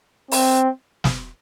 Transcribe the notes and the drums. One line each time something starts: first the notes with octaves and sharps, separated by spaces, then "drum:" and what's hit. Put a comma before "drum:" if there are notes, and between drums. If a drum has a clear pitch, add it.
C4, drum: open hi-hat
drum: snare